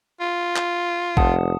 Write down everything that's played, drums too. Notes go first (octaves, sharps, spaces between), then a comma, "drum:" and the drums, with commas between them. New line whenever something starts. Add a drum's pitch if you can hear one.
F4
drum: clap
F1 F#5 A5 D#6, drum: kick